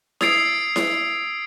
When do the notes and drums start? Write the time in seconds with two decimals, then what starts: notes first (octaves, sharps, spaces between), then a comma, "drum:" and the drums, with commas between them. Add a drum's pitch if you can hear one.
0.21 D#6 E6 G#6 A6 C7 D7, drum: snare E4
0.76 drum: snare E4